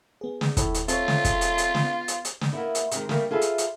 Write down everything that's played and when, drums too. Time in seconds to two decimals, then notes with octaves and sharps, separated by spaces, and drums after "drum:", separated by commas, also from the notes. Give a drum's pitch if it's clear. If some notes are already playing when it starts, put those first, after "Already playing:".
0.21 B3 G#4
0.41 drum: snare
0.57 D#2 A2, drum: kick, hi-hat
0.74 drum: hi-hat
0.88 A3 C4 F4 C#5, drum: hi-hat
1.08 drum: snare
1.24 drum: kick, hi-hat
1.41 drum: hi-hat
1.58 drum: hi-hat
1.75 drum: snare
1.84 B3 F5
2.08 drum: hi-hat
2.25 drum: hi-hat
2.41 drum: snare
2.53 A#3 B3 E4
2.75 drum: hi-hat
2.91 C3 D#3 G#3, drum: hi-hat
3.09 G3 A3 A#3, drum: snare
3.31 F4 G#4 A4 B4 E5
3.41 drum: hi-hat
3.58 drum: hi-hat